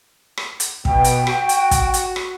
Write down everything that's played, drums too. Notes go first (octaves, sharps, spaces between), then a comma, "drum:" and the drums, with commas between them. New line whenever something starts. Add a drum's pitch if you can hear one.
drum: rim click
drum: hi-hat
B2 G5, drum: kick
drum: hi-hat
F#4, drum: rim click
drum: hi-hat
drum: kick, hi-hat
drum: hi-hat
drum: rim click